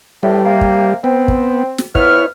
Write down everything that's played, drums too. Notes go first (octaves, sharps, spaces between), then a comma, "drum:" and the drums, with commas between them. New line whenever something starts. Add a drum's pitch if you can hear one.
E2 A2 G3
C3 A#3
drum: kick
B3 C4
drum: kick
drum: snare
F2 B3 E4 C#5 F6, drum: kick